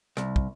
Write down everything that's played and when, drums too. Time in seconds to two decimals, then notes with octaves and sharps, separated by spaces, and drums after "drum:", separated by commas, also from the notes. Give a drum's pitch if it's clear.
0.17 C2, drum: rim click
0.36 drum: kick